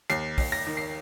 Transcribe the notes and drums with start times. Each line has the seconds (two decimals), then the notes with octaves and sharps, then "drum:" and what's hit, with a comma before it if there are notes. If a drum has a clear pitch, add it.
0.10 D#2 C7, drum: hi-hat
0.38 D#2, drum: kick, open hi-hat
0.52 A#6
0.67 D#3
0.77 C7